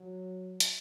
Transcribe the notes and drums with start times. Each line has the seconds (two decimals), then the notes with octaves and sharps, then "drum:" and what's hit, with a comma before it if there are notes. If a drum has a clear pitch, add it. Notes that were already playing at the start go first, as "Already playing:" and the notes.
Already playing: F#3
0.60 drum: hi-hat